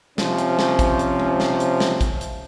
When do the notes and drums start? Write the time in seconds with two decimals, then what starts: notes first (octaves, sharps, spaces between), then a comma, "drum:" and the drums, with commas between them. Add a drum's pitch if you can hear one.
0.18 C3 F3 C#4, drum: snare
0.38 drum: hi-hat
0.59 drum: snare
0.79 drum: kick, hi-hat
0.99 drum: hi-hat
1.20 drum: tom G#3
1.40 drum: snare
1.60 drum: hi-hat
1.80 drum: snare
2.01 drum: kick, hi-hat
2.21 drum: hi-hat